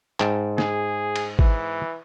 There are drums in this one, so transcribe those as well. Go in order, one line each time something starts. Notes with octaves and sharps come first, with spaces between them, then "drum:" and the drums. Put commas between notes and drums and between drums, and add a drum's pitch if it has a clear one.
G#2 G5 A5, drum: clap
G#4, drum: snare
drum: cymbal
E3, drum: kick G#1